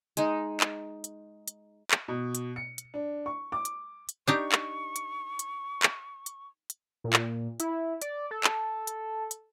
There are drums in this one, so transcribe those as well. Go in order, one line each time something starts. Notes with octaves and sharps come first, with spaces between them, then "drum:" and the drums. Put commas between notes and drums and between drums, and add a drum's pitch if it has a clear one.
G#3 D#4, drum: hi-hat
drum: clap
drum: hi-hat
drum: hi-hat
drum: clap
B2
drum: hi-hat
C#7
drum: hi-hat
D4
C#6
D6
drum: hi-hat
drum: hi-hat
D4 D#4 G4 C#6
drum: clap
drum: hi-hat
drum: hi-hat
drum: clap
drum: hi-hat
drum: hi-hat
A#2
drum: clap
E4, drum: hi-hat
D5, drum: hi-hat
A4
drum: clap
drum: hi-hat
drum: hi-hat